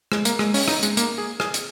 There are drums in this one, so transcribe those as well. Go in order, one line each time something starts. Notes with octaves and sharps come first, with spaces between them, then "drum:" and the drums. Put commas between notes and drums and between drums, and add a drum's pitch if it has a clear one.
G#3, drum: rim click
A#3, drum: hi-hat
G#3, drum: rim click
C#4, drum: open hi-hat
D#4, drum: rim click
G#3, drum: hi-hat
A#3, drum: hi-hat
G#4
G#4, drum: rim click
drum: hi-hat